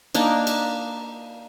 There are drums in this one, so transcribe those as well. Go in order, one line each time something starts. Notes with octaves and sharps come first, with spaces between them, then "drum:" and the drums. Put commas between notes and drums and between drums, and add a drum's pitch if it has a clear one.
A#3 D4 D#4, drum: cymbal
drum: cymbal